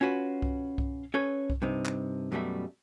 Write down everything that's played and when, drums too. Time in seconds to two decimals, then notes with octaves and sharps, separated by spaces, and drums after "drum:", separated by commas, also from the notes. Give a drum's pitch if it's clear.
0.01 C#4 F4 F#4 B4
0.42 drum: kick C2
0.78 drum: kick C2
1.14 C#4 A4 B4 C#5
1.50 drum: kick C2
1.62 G2 C3 D#4
1.85 drum: clap
2.32 F#2 B2 G3 A3 E5